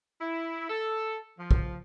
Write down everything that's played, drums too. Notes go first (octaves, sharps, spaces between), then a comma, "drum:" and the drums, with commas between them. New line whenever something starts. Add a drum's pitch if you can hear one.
E4
A4
F3
drum: kick